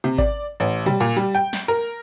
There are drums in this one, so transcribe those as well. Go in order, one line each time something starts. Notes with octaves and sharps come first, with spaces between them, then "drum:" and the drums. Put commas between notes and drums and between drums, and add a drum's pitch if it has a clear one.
C3
D5, drum: kick G#1
A1
G3, drum: tom
A#2
G3
G5
drum: snare
A#4